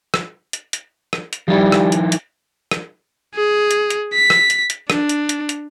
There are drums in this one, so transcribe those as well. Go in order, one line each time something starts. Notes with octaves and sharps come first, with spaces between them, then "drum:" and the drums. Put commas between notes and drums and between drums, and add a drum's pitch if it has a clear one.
drum: rim click
drum: hi-hat
drum: hi-hat
drum: rim click
drum: hi-hat
F3 G3 D#4 E4
drum: rim click
drum: hi-hat
drum: hi-hat
drum: rim click
G#4
drum: hi-hat
drum: hi-hat
B6
drum: rim click
drum: hi-hat
drum: hi-hat
D4, drum: rim click
drum: hi-hat
drum: hi-hat
drum: hi-hat